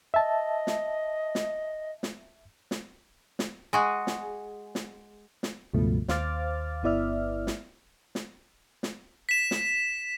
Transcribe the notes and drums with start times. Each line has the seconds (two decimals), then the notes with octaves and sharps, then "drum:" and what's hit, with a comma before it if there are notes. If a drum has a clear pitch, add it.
0.14 D#5 E5 A5
0.67 drum: snare
1.35 drum: snare
2.03 drum: snare
2.71 drum: snare
3.39 drum: snare
3.73 G#3 F#4 G#4
4.07 drum: snare
4.75 drum: snare
5.43 drum: snare
5.74 C#2 G2 B2 F3 A3
6.08 D#2 C5 F5 D6 F6 A6, drum: snare
6.83 G1 B3 E4 D5 E5 F6
7.47 drum: snare
8.15 drum: snare
8.83 drum: snare
9.29 B6 E7
9.51 drum: snare